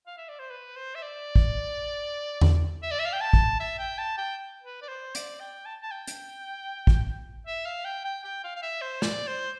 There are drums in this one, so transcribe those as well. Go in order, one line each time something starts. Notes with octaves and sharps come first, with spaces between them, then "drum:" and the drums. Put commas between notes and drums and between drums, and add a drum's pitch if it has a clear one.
F5
E5
D5
C5
B4
C5
E5
D5
drum: kick
drum: tom E2
E5
D5
E5
F5
G5
A5
drum: kick
E5
G5
A5
G5
B4
D5
C5
D5, drum: hi-hat
G5
A5
A5
G5
drum: hi-hat
drum: kick
E5
F5
G5
G5
G5
F5
F5
E5
C5
D5, drum: snare
C5